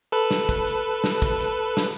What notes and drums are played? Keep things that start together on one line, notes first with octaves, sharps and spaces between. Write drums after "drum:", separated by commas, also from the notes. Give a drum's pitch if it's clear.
A4 B4
drum: snare
drum: kick A1
drum: hi-hat
drum: snare
drum: kick A1
drum: hi-hat
drum: snare